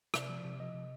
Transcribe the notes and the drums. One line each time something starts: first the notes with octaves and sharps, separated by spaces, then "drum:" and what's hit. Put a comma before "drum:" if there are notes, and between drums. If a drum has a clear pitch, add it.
C3 D5, drum: rim click
F3
C3
F3 D#5
C3